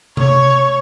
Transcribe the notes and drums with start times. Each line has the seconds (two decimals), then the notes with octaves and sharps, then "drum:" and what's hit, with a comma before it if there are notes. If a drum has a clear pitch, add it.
0.17 C#5, drum: tom C3